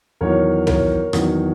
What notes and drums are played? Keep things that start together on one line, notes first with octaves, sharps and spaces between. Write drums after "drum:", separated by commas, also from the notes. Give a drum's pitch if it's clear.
E2 D#3 F#3 A#4 C#5
A#4 C#5, drum: tom
E2 D#3 F#3, drum: rim click